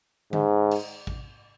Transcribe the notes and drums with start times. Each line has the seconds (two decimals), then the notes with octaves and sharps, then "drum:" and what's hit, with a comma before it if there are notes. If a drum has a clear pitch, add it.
0.33 G#2, drum: tom D3
0.71 drum: cymbal
1.07 drum: kick